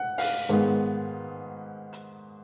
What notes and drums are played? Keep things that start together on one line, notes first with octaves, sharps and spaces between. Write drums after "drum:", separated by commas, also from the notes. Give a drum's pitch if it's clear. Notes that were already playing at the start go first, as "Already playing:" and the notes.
Already playing: F#5
F5, drum: open hi-hat
G#2 D#3 G#3 B3
drum: hi-hat